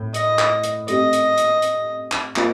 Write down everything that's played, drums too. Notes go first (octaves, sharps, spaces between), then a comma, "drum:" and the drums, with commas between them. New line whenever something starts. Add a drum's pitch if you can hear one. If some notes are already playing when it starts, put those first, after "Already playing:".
Already playing: A2
D#5, drum: hi-hat
drum: clap
drum: hi-hat
A3 C4 G4 D#5, drum: hi-hat
drum: hi-hat
drum: hi-hat
drum: hi-hat
drum: clap
A#3 F4 C5 D#5, drum: clap